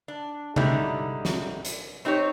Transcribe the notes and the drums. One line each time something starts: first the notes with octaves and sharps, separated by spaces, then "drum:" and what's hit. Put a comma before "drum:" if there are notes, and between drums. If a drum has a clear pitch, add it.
D4
G#2 D3 G3 D#4 E4, drum: tom C3
drum: snare
drum: hi-hat
C4 D#4 G4 C#5